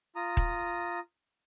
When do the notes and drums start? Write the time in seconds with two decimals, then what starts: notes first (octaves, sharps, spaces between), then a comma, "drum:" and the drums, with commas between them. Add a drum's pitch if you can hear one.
0.16 F4 A#5 D#6
0.37 drum: kick D#1